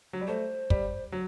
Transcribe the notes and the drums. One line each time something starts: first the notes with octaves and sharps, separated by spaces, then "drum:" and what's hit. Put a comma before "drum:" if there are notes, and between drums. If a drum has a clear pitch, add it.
F#3
G3
A3 C5
G3, drum: kick
F#3